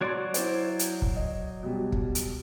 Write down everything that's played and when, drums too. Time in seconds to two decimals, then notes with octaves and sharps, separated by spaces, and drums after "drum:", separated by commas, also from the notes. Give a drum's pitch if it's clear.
0.01 F#3 F#4 D5 C6 G#6
0.34 E4 C5, drum: hi-hat
0.79 drum: hi-hat
1.02 drum: kick
1.16 D#5
1.63 B2 G3
1.92 drum: kick
2.15 drum: hi-hat